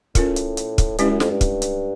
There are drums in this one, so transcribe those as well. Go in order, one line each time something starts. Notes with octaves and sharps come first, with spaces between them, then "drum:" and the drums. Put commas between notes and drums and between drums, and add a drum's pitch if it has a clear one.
A2 C#4 F4 A#4, drum: kick, hi-hat
drum: hi-hat
drum: hi-hat
drum: kick, hi-hat
G2 G#3 C#4 E4 G4, drum: hi-hat
F#2
F2, drum: snare
G2
drum: kick, hi-hat
drum: hi-hat